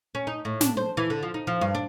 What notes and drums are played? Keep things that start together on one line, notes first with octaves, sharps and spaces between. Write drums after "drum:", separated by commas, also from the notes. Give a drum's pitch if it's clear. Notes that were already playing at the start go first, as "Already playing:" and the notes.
C#4
D#4
A2
D4, drum: snare
C5
E3
D3
F3
D#4
F3
G2
D4